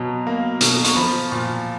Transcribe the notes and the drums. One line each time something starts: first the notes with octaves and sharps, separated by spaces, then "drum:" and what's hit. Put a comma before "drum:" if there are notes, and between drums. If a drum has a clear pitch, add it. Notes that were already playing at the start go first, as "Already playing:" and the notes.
Already playing: B2 F#3
A#3
B2, drum: hi-hat
C#6, drum: hi-hat
F3 B5
A#2